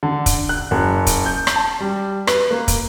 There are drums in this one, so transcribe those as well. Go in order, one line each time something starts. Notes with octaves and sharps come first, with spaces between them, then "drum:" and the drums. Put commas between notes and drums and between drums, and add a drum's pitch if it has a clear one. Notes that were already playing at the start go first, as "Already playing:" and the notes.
D3
drum: kick, hi-hat
F#6
F#1
drum: kick, hi-hat
G6
drum: rim click
A5
G3
B4, drum: rim click
A#3
drum: kick, hi-hat